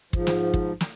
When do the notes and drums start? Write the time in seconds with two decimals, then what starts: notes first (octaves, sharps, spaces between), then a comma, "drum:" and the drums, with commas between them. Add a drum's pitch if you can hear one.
0.13 G#2 F3, drum: kick
0.27 drum: snare
0.54 drum: kick
0.81 drum: snare